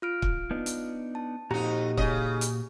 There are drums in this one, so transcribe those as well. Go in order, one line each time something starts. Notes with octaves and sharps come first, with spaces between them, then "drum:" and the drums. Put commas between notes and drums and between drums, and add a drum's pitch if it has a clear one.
F4 F6 D7
drum: kick
B3 D4 D#4
drum: hi-hat
A5
F2 A#2 D#4 F#4 G4 A#5
C#3 D#5, drum: kick
drum: hi-hat